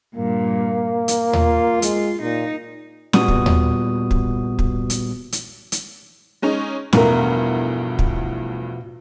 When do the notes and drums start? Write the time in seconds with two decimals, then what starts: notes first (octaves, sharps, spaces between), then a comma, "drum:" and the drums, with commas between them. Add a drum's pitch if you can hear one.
0.16 G2 A#2 A#3
1.08 drum: hi-hat
1.33 F4, drum: tom D#2
1.82 G#3, drum: hi-hat
2.22 A#2 D#4
3.13 A#2 G3 B3 F#4 D#6, drum: snare
3.28 drum: kick
3.46 drum: tom D#2
4.11 drum: kick
4.59 drum: kick
4.90 drum: hi-hat
5.32 drum: hi-hat
5.72 drum: hi-hat
6.42 G#3 C#4 D#4
6.93 E2 G2 B2 F3 A3 A#4, drum: snare
7.99 drum: kick